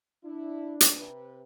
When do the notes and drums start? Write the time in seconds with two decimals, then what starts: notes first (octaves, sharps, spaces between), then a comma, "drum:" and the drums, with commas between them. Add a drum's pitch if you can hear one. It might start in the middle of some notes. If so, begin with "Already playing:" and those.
0.24 D4 E4
0.81 drum: hi-hat
0.96 C3 B4